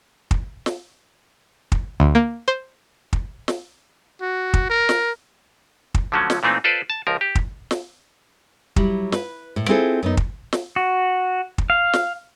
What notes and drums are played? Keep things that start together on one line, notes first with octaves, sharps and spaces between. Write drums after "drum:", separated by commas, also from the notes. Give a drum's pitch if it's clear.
drum: kick
drum: snare
drum: kick
D2
A#3
C5
drum: kick
drum: snare
F#4
drum: kick
A#4
drum: snare
drum: kick
D3 F3 F#3 A3 C#4
drum: snare
A#2 E3 A3 C4 D#4
F4 A4 B4 C5 D5
A5
C#2 F3 A#4
G4
drum: kick
drum: snare
F#3 G3 E4, drum: kick
B4, drum: snare
A2
C4 E4 F4 G#4 A4 C5
F#2 B3 D#4
drum: kick
drum: snare
F#4
drum: kick
F5
drum: snare